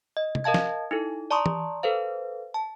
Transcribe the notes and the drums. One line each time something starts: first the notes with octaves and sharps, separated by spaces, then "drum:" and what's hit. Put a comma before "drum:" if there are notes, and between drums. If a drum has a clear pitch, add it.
D#5
drum: tom C3
A#4 D#5 F5 A5 G#6
drum: snare
D#4 E4 A4
D5 A5 A#5 C6 C#6 D#6
drum: tom E3
A4 B4 C5 F5
A5